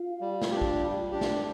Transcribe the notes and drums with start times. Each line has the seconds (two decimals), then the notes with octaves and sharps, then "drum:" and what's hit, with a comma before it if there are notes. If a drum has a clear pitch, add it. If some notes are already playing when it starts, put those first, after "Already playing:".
Already playing: F4
0.21 G3
0.42 drum: snare
0.51 D4 G4
0.61 drum: kick
0.82 G3
1.12 D4 G4
1.21 drum: snare